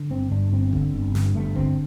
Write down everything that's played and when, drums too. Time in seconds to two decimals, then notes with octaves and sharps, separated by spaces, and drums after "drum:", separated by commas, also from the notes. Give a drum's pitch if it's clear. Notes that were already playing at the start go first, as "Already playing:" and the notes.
Already playing: D3
0.10 G1 C4
0.31 G2 D4
0.53 G1 C4
0.73 D3, drum: kick E1
0.94 G1
1.15 G2, drum: snare
1.35 G1 A3
1.56 D3 C4, drum: kick E1